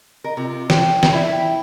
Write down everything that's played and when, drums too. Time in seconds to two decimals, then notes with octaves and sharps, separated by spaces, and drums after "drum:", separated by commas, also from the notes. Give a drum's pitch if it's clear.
0.24 A#4 D#5
0.37 C3 F4
0.70 G5, drum: snare
1.03 drum: snare
1.13 E4 D5 E5
1.31 G5